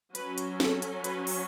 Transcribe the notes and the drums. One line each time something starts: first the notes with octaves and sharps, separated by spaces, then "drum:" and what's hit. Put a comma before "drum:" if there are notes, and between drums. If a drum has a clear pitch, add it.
F#3 C#4 B4, drum: hi-hat
drum: hi-hat
A4, drum: snare
drum: hi-hat
B4, drum: hi-hat
drum: open hi-hat